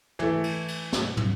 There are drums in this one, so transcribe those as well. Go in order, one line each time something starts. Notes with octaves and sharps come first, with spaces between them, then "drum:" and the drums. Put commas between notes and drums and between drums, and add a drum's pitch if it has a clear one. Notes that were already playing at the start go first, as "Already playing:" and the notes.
E3 A3, drum: tom
drum: cymbal
drum: cymbal
drum: snare
drum: tom